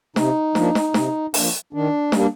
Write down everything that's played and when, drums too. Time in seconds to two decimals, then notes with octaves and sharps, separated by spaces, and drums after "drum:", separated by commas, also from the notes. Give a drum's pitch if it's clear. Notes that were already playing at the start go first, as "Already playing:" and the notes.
0.16 C3 D#4, drum: snare
0.55 F3 A#3 D4, drum: snare
0.75 drum: snare
0.94 C3, drum: snare
1.34 F3 A#3 D4, drum: open hi-hat
1.73 D#3 D4
2.12 G3 A#3 D4, drum: snare